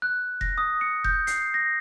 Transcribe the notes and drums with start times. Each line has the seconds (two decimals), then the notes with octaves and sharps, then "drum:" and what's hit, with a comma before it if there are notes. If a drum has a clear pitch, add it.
0.02 F#6
0.41 A#6, drum: kick F1
0.58 D#6
0.81 C#7
1.04 G6, drum: kick F1
1.27 C7, drum: hi-hat
1.54 A#6